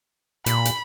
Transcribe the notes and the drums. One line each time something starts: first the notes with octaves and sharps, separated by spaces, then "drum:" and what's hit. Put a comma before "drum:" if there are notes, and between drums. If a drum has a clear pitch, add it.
A#2 B5, drum: hi-hat
drum: hi-hat